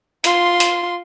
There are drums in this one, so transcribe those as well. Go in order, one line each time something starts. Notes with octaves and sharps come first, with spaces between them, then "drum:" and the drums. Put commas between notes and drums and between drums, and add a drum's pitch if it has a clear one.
F4 C6, drum: hi-hat
drum: hi-hat